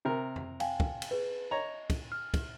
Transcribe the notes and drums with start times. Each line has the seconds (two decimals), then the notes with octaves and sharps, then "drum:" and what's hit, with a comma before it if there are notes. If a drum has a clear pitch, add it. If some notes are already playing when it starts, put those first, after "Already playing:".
0.05 C3 A#4
0.36 drum: tom F2
0.60 F5 G5 G#5, drum: cymbal
0.80 drum: kick
1.02 drum: cymbal
1.11 G#4 B4
1.51 C#5 D#5 A#5
1.90 drum: kick, cymbal
2.12 F6
2.34 drum: kick, cymbal